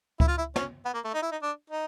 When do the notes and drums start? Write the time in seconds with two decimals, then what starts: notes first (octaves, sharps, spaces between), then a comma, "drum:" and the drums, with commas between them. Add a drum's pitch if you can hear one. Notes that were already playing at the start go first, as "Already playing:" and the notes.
0.20 E4, drum: kick C#2
0.28 F4
0.38 E4
0.56 C#4, drum: snare
0.85 B3
0.94 A#3
1.04 A3
1.14 D#4
1.22 E4
1.32 D#4
1.42 D4
1.70 D#4